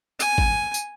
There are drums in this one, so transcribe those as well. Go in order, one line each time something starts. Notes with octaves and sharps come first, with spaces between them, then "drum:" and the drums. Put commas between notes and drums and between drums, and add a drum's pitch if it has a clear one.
G#5, drum: tambourine
drum: kick G#1
drum: tambourine